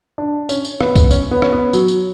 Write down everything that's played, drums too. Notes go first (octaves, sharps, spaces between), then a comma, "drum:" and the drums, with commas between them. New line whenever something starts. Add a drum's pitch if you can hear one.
D4
C#4, drum: tambourine
drum: tambourine
B3, drum: rim click
drum: kick C2, tambourine
C#4, drum: tambourine
B3
C#4, drum: rim click
B3
F#3, drum: tambourine
drum: tambourine